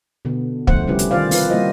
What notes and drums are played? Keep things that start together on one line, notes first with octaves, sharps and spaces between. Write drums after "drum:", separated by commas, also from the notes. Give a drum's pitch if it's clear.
B2 D3 B3
D3 F3 A3 C5 F#5, drum: kick
C3 G3 C#4 E4 G4 B4
drum: hi-hat
D#3 F4 C5 D5 F5
C4 F4 B4, drum: open hi-hat
G3 A#3 E4 F#4 C5 D#5